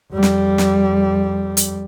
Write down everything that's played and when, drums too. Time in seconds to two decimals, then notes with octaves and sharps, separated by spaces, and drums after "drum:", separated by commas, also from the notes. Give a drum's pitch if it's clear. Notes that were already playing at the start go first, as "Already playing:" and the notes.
0.13 F2 G3
0.23 drum: snare
0.58 drum: snare
1.57 drum: hi-hat